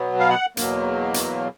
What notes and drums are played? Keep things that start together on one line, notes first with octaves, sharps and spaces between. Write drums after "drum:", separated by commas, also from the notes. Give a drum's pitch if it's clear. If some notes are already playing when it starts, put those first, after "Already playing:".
Already playing: B2 F#3 B3
F5
F#5
E2 B2 F#3 A#3, drum: hi-hat
drum: hi-hat